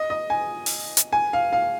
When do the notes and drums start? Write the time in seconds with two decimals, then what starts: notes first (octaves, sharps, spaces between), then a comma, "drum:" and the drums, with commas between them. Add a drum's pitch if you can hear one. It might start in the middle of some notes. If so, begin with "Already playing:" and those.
Already playing: D#5
0.10 D#5
0.30 G#5
0.66 drum: open hi-hat
0.97 drum: hi-hat
1.13 G#5
1.33 F5
1.53 F5